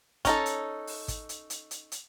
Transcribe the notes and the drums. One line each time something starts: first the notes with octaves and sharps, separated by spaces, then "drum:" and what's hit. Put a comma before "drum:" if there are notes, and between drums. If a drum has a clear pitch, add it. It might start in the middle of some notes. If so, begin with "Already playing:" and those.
C#4 D#4 A4, drum: kick, hi-hat
drum: hi-hat
drum: open hi-hat
drum: kick, hi-hat
drum: hi-hat
drum: hi-hat
drum: hi-hat
drum: hi-hat